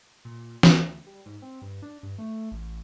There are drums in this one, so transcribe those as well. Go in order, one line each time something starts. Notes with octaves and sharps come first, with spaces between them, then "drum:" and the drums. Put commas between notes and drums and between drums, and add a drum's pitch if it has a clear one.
A#2
E2, drum: snare
D2
G3
G#2
C4
G2
D4
G2
A3
A1